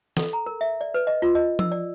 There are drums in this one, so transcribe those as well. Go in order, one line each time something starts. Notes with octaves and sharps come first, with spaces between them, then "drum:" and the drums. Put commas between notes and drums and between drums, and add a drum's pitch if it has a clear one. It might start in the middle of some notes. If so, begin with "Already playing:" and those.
A4, drum: snare
A#5
A#4
E5
D5
B4
D#5
F4
D#5
E6, drum: tom F3
D5